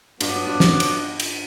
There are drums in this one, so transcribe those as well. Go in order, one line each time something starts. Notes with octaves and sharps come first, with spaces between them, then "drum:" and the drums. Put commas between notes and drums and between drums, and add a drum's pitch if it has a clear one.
G2 F#3 B3 D4, drum: cymbal
G2
drum: snare
drum: cymbal
drum: cymbal